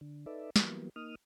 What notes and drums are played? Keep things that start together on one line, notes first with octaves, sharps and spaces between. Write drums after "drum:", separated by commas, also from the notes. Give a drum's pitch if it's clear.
D3
D#4 A4 B4 D5 E5
E3 F#3 G3 A#3 B3, drum: snare
A#3 D#4 D#6 F6